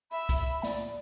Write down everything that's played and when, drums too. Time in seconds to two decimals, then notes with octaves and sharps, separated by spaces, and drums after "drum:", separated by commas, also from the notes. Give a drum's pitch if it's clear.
0.11 E5 B5
0.29 drum: kick C2, hi-hat
0.63 D5, drum: snare